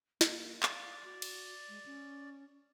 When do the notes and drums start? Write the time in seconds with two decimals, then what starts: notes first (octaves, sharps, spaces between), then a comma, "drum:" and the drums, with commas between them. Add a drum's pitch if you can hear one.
0.21 A#3, drum: snare
0.63 D5 F5, drum: clap
1.04 F#4
1.22 drum: cymbal
1.69 G#3
1.86 C#4